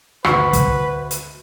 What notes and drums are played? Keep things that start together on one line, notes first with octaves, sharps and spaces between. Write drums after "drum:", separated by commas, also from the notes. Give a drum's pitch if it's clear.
D2 F#4 B4 C#6, drum: rim click
drum: kick, hi-hat
drum: hi-hat